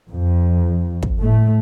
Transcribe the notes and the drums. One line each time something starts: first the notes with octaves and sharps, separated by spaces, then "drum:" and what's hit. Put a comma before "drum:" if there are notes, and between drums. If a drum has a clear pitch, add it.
F2
drum: kick
A2 A3